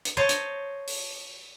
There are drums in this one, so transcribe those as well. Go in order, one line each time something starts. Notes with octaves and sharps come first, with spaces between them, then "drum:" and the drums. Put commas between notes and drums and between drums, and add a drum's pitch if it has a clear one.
drum: hi-hat
C5 C#5 D#5 A5
drum: hi-hat
drum: open hi-hat